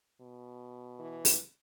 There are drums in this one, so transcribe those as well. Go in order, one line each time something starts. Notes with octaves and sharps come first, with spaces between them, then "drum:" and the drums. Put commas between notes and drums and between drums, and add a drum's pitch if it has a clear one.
B2
E3
drum: open hi-hat